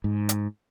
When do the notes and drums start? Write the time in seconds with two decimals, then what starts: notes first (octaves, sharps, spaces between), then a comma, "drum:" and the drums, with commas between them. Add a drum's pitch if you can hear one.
0.04 G#2
0.29 drum: hi-hat